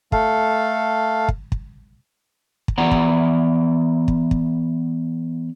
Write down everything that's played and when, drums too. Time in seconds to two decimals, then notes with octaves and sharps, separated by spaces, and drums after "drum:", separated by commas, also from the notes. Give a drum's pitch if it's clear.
0.12 A3 A4 F5, drum: kick
1.29 drum: kick
1.52 drum: kick
2.68 drum: kick
2.78 E3 B3 D5 F#5 A#5
2.91 drum: kick
4.08 drum: kick
4.31 drum: kick